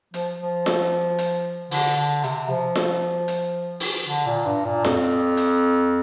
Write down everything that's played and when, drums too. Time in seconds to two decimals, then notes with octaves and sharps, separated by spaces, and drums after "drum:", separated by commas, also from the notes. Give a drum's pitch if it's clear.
0.14 F3, drum: hi-hat
0.42 F3
0.66 drum: snare F4
1.18 drum: hi-hat
1.71 D3, drum: open hi-hat
1.97 D3
2.24 C3, drum: hi-hat
2.49 F3
2.75 drum: snare F4
3.28 drum: hi-hat
3.80 drum: open hi-hat
4.06 D3
4.26 A#2
4.45 G2
4.65 A#2
4.85 F2, drum: snare F4
5.37 drum: hi-hat